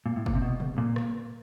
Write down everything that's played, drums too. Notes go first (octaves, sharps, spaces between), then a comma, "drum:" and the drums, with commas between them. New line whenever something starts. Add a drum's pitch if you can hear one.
A#2
A2
A#2, drum: kick
C3
B2
drum: tom C3
A#2
drum: rim click